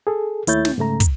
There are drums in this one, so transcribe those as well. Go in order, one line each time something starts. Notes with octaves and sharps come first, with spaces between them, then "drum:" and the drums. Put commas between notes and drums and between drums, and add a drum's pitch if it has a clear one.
G#4 A4
D#2 A3 E4 C#5 G6 A6, drum: hi-hat
drum: snare
G#2 C#3 A3 A#5
drum: kick, hi-hat